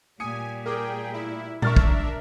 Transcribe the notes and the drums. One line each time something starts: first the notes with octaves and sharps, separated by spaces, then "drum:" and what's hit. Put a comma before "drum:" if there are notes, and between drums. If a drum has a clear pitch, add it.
A#2 G3 G#5 D#6 C#7
G#4 A#4 G5 D6
E4
D4 A#4 E5 C#6 F6 A6, drum: tom A#2
drum: kick